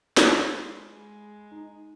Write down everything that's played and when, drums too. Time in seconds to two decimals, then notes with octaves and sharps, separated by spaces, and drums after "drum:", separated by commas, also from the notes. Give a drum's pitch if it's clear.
0.17 G#3 F4 B5, drum: snare
0.79 G#3
1.52 D#4